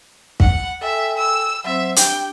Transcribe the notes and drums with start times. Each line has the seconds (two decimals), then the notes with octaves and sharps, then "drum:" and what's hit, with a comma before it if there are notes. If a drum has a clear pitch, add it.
0.40 F#5, drum: kick
0.81 A4 E5 G5 G#5
1.17 E6
1.64 F#3 C4 C5 E5
1.96 D4 G4 G5, drum: hi-hat